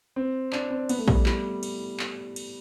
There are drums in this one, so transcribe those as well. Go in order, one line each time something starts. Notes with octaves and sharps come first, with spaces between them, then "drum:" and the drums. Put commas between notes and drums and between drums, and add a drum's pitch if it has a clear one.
C4
D4, drum: clap
C4
B3, drum: cymbal
A3
G3, drum: kick A#1
G3, drum: clap
drum: cymbal
drum: clap
drum: cymbal